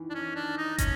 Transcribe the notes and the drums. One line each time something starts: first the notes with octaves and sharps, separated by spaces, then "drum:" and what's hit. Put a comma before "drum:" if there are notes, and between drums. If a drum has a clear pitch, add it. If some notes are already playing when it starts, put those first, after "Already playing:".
Already playing: D#3 E3
D4
C#4
D4
D#4
C#4, drum: kick, hi-hat